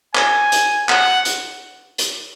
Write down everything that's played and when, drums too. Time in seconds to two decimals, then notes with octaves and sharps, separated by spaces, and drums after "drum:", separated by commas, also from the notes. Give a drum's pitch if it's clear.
0.15 G#5, drum: clap
0.52 drum: hi-hat
0.89 F#5, drum: clap
1.25 drum: hi-hat
1.98 drum: hi-hat